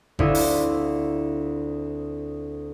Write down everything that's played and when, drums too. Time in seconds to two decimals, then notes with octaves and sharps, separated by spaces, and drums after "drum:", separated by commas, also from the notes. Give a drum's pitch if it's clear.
0.19 D2 C4 D4 E4 F4 D#6, drum: kick G#1
0.35 drum: open hi-hat